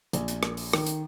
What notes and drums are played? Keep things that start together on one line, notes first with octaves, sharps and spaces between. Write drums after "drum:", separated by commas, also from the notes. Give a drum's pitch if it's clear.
A#1, drum: hi-hat
drum: hi-hat
drum: rim click
drum: open hi-hat
D#3, drum: rim click
drum: hi-hat